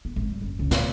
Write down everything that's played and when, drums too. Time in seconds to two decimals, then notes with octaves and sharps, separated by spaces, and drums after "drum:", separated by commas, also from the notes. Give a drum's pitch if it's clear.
0.05 B3
0.16 G#1
0.30 G3
0.41 F#1
0.59 C#2
0.71 B2, drum: snare